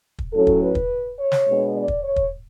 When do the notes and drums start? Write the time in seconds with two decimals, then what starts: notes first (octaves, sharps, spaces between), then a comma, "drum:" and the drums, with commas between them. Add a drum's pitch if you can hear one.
0.19 drum: kick
0.33 A2 F#3 C#4 A4
0.47 drum: kick
0.61 B4
0.75 drum: kick
1.17 C#5
1.32 drum: snare
1.46 B2 G#3 B3 D4
1.74 D5
1.88 drum: kick
2.02 C#5
2.16 drum: kick